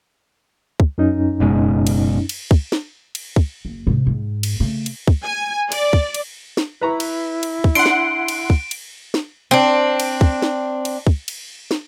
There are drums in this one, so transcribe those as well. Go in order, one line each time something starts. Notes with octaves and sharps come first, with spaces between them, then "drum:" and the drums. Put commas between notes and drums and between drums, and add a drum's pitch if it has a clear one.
drum: kick
F#2 C#4 D#4
F#1 B2 G#3
drum: cymbal
drum: cymbal
drum: kick
drum: snare
drum: cymbal
drum: kick
F#1
G#2 C3
G#2
drum: cymbal
C#3 A3
drum: cymbal
drum: kick
G#5
D5, drum: cymbal
drum: kick
drum: cymbal
drum: snare
E4 B4 A#5 C#6
drum: cymbal
drum: cymbal
drum: kick
D4 F#5 C6 D7
drum: snare
drum: cymbal
drum: kick
drum: cymbal
drum: snare
C4 D4
drum: cymbal
drum: kick
drum: snare
drum: cymbal
drum: kick
drum: cymbal
drum: snare